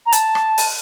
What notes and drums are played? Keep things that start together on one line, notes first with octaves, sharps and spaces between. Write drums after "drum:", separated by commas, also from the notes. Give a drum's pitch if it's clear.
A#5
A5, drum: hi-hat
drum: rim click
drum: open hi-hat